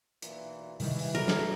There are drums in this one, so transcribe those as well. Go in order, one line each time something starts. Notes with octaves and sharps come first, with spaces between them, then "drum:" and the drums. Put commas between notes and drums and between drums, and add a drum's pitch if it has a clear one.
B1 A#2 E3, drum: hi-hat
C3 D#3 E3 G3, drum: open hi-hat
drum: open hi-hat
F#3 A4 A#4
drum: snare